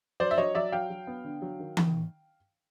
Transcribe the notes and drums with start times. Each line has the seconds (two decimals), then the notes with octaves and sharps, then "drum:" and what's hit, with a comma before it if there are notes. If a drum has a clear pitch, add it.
0.20 F#3 C5 D5
0.31 E5
0.38 F#3 C#5 D#5
0.55 F#3 D5 E5
0.72 F#3 F5 G5
0.90 F#3
1.07 B3
1.24 D3
1.42 F#3
1.60 D#3
1.77 D#3, drum: tom E3